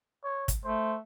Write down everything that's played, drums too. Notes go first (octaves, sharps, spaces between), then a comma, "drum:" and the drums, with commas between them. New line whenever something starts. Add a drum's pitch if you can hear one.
C#5
drum: kick, hi-hat
A3 C5